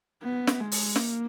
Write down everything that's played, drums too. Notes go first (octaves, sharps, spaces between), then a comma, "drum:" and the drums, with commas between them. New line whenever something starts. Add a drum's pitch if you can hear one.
B3
drum: snare
G#3
drum: open hi-hat
A#3, drum: snare